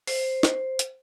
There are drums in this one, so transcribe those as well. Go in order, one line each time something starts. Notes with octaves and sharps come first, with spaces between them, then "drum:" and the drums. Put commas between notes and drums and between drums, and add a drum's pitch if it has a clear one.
C5, drum: open hi-hat
drum: snare
drum: hi-hat